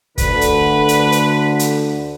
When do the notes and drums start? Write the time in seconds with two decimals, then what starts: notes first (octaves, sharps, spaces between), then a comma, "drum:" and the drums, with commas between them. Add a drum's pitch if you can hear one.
0.18 D2 D3 B4, drum: kick, hi-hat
0.41 drum: hi-hat
0.89 drum: hi-hat
1.12 drum: hi-hat
1.59 drum: hi-hat